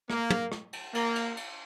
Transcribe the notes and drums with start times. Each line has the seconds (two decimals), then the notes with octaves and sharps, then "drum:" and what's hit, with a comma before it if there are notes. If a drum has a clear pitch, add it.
0.10 A#3, drum: rim click
0.30 drum: tom
0.52 drum: rim click
0.73 drum: cymbal
0.95 A#3, drum: cymbal
1.15 drum: cymbal
1.37 drum: cymbal